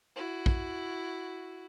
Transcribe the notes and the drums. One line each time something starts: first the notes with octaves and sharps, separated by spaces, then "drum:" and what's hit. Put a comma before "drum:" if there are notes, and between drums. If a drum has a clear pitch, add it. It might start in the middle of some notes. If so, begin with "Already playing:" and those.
E4 F#4
drum: kick